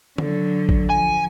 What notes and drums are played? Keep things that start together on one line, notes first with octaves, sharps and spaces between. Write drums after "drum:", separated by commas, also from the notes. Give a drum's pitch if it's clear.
D3 F#3, drum: tom D3
drum: kick
F3 G#5